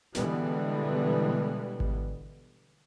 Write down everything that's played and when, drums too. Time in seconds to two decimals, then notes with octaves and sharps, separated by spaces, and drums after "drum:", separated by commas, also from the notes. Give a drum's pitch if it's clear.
0.15 B2 D3 E3 G3 G#3 B3, drum: snare
1.80 drum: kick G#1